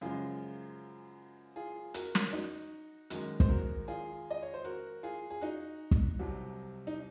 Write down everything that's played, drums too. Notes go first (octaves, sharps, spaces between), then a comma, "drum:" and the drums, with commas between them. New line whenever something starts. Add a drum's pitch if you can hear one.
F#2 C#3 F3 G#3 F4 G#4
F4 G#4
F#4 A#4, drum: hi-hat
drum: snare
D#4 F#4
F#2 D#3 G#3 F#4 A#4, drum: hi-hat
C5, drum: kick
F#4 A#4
F4 G#4
D#5
C#5
C5
F#4 A#4
F4 G#4
G#4
D#4 F#4
drum: kick
C2 C3 F#3
D#4